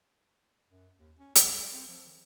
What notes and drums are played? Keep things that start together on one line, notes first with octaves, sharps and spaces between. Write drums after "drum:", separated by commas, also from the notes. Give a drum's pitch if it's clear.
F#2
D#2
C#4
C#4, drum: hi-hat
G3
C4
F3
D#3